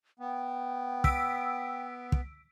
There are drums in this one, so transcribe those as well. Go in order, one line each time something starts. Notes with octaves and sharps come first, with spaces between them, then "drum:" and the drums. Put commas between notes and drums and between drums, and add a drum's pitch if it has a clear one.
B3 G5
E6 B6 D7, drum: kick
drum: kick